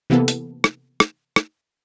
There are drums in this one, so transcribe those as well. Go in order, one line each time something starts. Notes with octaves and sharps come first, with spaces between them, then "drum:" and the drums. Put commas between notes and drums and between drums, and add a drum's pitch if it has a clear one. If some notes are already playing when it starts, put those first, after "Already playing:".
C3 E3 A#3 B3 A4
drum: hi-hat
drum: rim click
drum: rim click
drum: rim click